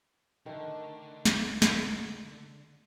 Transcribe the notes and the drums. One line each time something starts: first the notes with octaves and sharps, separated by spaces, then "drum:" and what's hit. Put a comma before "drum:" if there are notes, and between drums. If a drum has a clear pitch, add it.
D3 D#3 A3
drum: snare
drum: snare